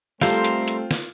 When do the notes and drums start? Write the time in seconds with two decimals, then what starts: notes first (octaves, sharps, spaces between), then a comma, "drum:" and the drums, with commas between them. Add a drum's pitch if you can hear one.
0.21 G3 A3 C4 F4 A4 A#4 C5, drum: snare
0.45 drum: hi-hat
0.68 drum: hi-hat
0.91 drum: snare